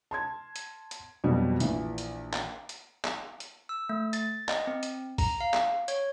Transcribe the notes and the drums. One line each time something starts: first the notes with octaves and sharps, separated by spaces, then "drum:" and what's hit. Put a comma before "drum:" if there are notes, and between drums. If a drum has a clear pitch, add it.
A5 C6 G#6
drum: hi-hat
drum: hi-hat
F2 B2 F#3 G3
A#1 E3, drum: hi-hat
drum: hi-hat
drum: clap
drum: hi-hat
drum: clap
drum: hi-hat
E6
A3
A6, drum: hi-hat
D#5, drum: clap
C4
drum: hi-hat
A#5, drum: kick, open hi-hat
F5
drum: clap
C#5, drum: hi-hat